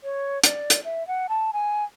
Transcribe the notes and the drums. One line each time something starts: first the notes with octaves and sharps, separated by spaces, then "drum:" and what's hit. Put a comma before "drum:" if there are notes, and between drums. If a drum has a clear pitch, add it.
C#5
D5, drum: hi-hat
drum: hi-hat
E5
F#5
A5
G#5